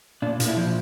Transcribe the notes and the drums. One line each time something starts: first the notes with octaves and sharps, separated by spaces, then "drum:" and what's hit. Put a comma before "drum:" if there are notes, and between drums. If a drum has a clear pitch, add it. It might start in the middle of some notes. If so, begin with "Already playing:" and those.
A#2 D4
A#2, drum: hi-hat
E4
F3